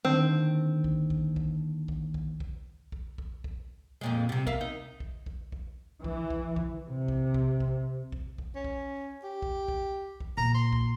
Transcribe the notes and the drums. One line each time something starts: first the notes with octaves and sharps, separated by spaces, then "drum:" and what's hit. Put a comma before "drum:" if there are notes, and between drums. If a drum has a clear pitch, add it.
D#2 D3 D#3 C4
drum: kick
drum: kick
drum: kick
drum: kick
drum: kick
drum: kick
drum: kick
drum: kick
drum: kick
F2 A#2 G#3
C3 G3
A#4 E5 F5, drum: kick
D#4
drum: kick
drum: kick
drum: kick
E3, drum: kick
drum: kick
drum: kick
C3
drum: kick
drum: kick
drum: kick
drum: kick
drum: kick
C#4
drum: kick
G4
drum: kick
drum: kick
drum: kick
A#2 A#5
C6
drum: kick